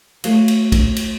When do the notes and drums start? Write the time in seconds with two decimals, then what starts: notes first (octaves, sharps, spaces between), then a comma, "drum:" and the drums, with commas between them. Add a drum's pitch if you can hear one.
0.24 A3 F#4 B4 C#5 F5, drum: cymbal
0.48 drum: cymbal
0.72 drum: kick, cymbal
0.96 drum: cymbal